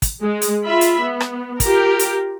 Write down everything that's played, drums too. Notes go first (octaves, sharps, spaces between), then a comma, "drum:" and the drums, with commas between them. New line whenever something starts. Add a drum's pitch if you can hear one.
drum: kick, hi-hat
G#3
drum: hi-hat
F4 E5 B5
drum: hi-hat
B3
drum: rim click
F4 G4 A#4, drum: kick, hi-hat
drum: hi-hat